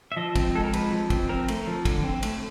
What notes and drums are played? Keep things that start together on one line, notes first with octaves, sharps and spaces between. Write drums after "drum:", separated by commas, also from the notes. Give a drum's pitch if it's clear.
E5
F3 D#5
C4, drum: kick, cymbal
G#3 A4
A#4
F3 B4, drum: cymbal
F3
C4, drum: kick, cymbal
C4 A#4
A3, drum: cymbal
F3
D3, drum: kick, cymbal
C4
A3, drum: cymbal